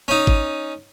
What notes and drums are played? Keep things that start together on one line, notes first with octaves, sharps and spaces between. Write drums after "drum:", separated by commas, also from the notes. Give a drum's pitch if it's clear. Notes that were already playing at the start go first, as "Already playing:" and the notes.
C#4 D#4
drum: kick